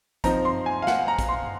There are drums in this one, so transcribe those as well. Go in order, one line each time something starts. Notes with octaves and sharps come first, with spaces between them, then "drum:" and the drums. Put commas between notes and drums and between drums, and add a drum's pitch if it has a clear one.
F3 C4 D#4 A#5, drum: kick, hi-hat
C6
G#5
F5
F#5, drum: snare
A#5
drum: kick, hi-hat
C6